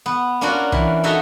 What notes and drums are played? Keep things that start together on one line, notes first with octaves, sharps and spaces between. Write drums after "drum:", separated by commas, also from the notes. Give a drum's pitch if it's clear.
B3
A#3 C#4 D4 F4 F#4 A#4
E3, drum: kick
D#4 F#4 A4 C#5 D#5 E5